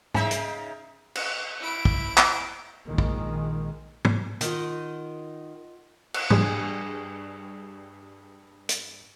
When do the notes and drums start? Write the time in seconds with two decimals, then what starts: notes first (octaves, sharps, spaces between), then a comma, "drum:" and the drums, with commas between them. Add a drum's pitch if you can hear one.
0.14 C#3 D#4 E5, drum: tom
0.31 drum: hi-hat
1.15 drum: cymbal
1.60 E4 D7
1.85 drum: kick
2.17 drum: clap
2.86 A#1 D#3 G#3
2.98 drum: kick
4.05 drum: tom
4.41 D#3 F4 D#5 F#5, drum: hi-hat
6.14 drum: cymbal
6.30 G2 G3 G4 G#4, drum: tom
8.69 drum: hi-hat